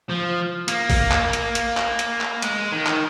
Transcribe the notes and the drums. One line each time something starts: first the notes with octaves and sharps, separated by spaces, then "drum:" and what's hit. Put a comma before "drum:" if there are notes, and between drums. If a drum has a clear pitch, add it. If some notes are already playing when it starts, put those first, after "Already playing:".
F3
A#3, drum: hi-hat
drum: kick A1, open hi-hat
drum: clap
drum: hi-hat
drum: hi-hat
drum: clap
drum: hi-hat
drum: clap
G#3, drum: hi-hat
D#3
drum: clap